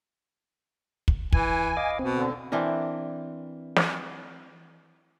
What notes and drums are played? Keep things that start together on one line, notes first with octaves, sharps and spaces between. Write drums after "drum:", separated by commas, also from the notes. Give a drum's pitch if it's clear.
drum: kick
E3 G#5, drum: kick
D#5 F5 D6
B2 C4
D3
E3 C4 D4 A#4
drum: snare